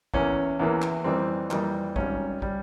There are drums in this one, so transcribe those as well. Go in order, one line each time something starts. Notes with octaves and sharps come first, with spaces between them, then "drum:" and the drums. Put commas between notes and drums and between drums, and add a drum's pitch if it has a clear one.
E2 E3 A#3 C#4, drum: kick
E2 E3 A#3
drum: clap
F2 E3 G3 A#3 C4
F2 E3 G3 A#3, drum: clap
G#1 G#2 G3 C#4, drum: kick
G3, drum: kick